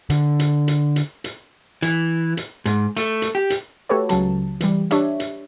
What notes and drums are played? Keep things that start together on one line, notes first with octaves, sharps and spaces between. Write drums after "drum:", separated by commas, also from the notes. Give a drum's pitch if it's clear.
D3, drum: hi-hat
drum: hi-hat
drum: hi-hat
drum: hi-hat
drum: hi-hat
E3, drum: hi-hat
drum: hi-hat
G#2, drum: hi-hat
A3, drum: hi-hat
drum: hi-hat
G4
drum: hi-hat
A3 F#4 G4 A4 B4 C#5
C#2 C#3 F#3 A5, drum: hi-hat
E3 G3, drum: hi-hat
D4 G4 C#5 E5, drum: hi-hat
drum: hi-hat